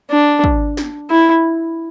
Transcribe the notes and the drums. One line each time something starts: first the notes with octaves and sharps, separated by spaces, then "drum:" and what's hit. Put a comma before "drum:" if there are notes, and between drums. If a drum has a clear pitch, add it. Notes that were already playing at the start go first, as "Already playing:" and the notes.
D4
drum: kick
drum: snare
E4